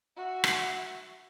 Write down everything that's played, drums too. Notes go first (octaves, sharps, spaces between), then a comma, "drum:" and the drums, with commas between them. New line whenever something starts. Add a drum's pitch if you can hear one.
F#4 E5
drum: rim click